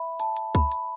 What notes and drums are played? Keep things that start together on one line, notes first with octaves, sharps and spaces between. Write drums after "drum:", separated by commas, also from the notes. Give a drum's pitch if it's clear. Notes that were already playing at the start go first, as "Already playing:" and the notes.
Already playing: E5 B5
A5, drum: hi-hat
drum: hi-hat
B5, drum: kick C#2, hi-hat
drum: hi-hat